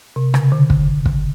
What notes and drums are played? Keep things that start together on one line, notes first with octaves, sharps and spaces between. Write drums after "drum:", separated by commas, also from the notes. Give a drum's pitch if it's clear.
C3
C#3, drum: rim click
D3
drum: kick
drum: kick